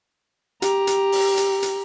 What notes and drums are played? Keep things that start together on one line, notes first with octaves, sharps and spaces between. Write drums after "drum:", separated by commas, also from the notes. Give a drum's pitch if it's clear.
G4 A#5, drum: hi-hat
drum: hi-hat
drum: open hi-hat
drum: hi-hat
drum: hi-hat